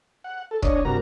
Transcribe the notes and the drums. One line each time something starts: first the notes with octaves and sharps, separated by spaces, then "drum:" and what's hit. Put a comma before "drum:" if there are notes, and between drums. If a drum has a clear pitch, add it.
F#5
A4
D4 C#5 D#5, drum: kick
G2 C3 F#4 A#4 A#5